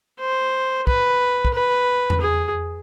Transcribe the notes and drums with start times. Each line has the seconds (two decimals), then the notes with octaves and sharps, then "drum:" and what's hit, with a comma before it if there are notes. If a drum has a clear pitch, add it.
0.20 C5
0.87 B4, drum: kick
1.45 drum: kick
1.54 B4
2.10 drum: tom E2
2.21 G#4